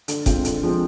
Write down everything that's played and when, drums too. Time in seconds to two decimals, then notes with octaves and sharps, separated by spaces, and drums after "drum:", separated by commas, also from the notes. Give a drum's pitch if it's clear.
0.08 D3, drum: hi-hat
0.26 G#3 C4 F4, drum: kick F#1, hi-hat
0.45 D3, drum: hi-hat
0.63 F3 G#3 C4